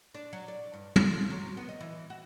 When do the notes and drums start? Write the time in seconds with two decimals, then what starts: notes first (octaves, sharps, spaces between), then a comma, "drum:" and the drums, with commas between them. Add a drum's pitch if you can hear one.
0.14 D4
0.33 F#3
0.48 D5
0.74 G2
0.96 F3, drum: tom
1.30 F#3
1.57 B3
1.69 D#5
1.81 E3
2.10 F#4